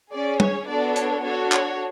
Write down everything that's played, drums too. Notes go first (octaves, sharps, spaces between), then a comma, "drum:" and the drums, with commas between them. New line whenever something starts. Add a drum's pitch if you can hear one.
C#4 G#4 D5
C#5, drum: tom
B3 D4 F#4 A4 D5
C#5, drum: hi-hat
D4 F#4 A4 C#5
C#5, drum: clap